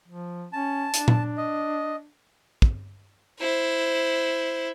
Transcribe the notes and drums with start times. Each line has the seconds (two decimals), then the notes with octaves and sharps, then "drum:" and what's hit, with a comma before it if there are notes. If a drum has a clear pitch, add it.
0.08 F3
0.53 C#4 A5
0.94 D4, drum: hi-hat
1.08 drum: tom A#2
1.38 D#5
2.62 drum: kick
3.39 E4 C5